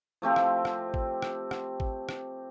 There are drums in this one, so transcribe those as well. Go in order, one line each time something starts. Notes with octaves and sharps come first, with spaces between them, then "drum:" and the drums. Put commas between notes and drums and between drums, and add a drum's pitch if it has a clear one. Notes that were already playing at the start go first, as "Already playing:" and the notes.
F3 A3 C4 G4
drum: rim click
drum: rim click
drum: kick G#1
drum: rim click
drum: rim click
drum: kick G#1
drum: rim click